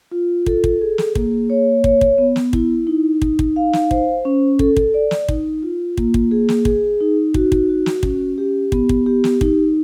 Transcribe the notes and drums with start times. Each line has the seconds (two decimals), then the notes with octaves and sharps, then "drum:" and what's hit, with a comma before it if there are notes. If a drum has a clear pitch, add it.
0.12 F4
0.46 A4, drum: kick
0.64 drum: kick
0.81 G#4
0.98 drum: snare
1.15 A#3, drum: kick
1.50 C#5
1.84 C#5, drum: kick
2.01 drum: kick
2.18 B3
2.36 drum: snare
2.53 E4, drum: kick
2.87 D#4
3.22 D#4, drum: kick
3.39 drum: kick
3.56 F5
3.73 drum: snare
3.91 C5, drum: kick
4.25 C#4
4.59 A4, drum: kick
4.77 drum: kick
4.94 D5
5.11 drum: snare
5.29 D#4, drum: kick
5.63 F4
5.97 A#3, drum: kick
6.14 drum: kick
6.31 G#4
6.49 drum: snare
6.65 G#4, drum: kick
7.00 D#4
7.34 F#4, drum: kick
7.52 drum: kick
7.69 F#4
7.86 drum: snare
8.03 C#4, drum: kick
8.38 G4
8.72 B3, drum: kick
8.89 drum: kick
9.06 G4
9.24 drum: snare
9.41 D#4, drum: kick